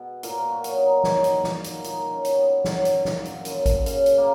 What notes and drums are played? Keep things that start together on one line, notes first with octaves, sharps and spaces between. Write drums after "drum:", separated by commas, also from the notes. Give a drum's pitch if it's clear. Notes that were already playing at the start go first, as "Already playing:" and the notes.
Already playing: B2 G#4
A#2 A#4, drum: hi-hat
F#4
F#3, drum: hi-hat
D#4
F#3 D#4, drum: snare
drum: hi-hat
A#2, drum: snare
drum: hi-hat
A#2 D#4, drum: hi-hat
C#4
F#3, drum: hi-hat
B3
F#3, drum: snare
drum: hi-hat
A#2, drum: snare
drum: hi-hat
F#2, drum: hi-hat
drum: kick G#1, hi-hat
C#3, drum: hi-hat
drum: hi-hat
A#3